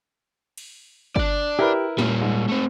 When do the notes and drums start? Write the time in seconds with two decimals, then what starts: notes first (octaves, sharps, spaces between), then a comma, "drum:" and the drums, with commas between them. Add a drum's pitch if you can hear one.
0.58 drum: cymbal
1.16 D4 D5, drum: kick
1.59 E4 G4 A#4 B4
1.98 A#2 G3 C#4, drum: snare
2.22 G#2
2.48 A3 C4